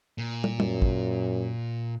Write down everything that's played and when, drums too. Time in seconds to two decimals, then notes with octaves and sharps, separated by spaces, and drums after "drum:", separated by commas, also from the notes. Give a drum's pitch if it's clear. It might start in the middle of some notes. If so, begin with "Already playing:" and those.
0.18 A#2
0.44 drum: tom
0.60 F#2, drum: tom
0.82 drum: kick